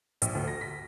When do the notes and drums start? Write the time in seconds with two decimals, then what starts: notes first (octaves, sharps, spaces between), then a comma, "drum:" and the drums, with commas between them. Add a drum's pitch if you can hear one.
0.22 A#1, drum: hi-hat
0.35 D2
0.48 A#6
0.61 B6